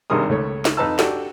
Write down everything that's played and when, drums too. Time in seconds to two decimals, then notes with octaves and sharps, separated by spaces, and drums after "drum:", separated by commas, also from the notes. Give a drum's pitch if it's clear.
0.10 G#1 G2 C3 G#4 A#4 D#6
0.29 C#2 A3 C#5
0.65 drum: snare
0.77 F2 D#4 B4 A5 E6
0.99 D4 F#4 G4 A4, drum: snare